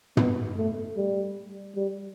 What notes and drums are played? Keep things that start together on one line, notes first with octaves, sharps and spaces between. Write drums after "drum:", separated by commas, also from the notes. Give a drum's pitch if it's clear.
B3, drum: tom
A3
G3
G3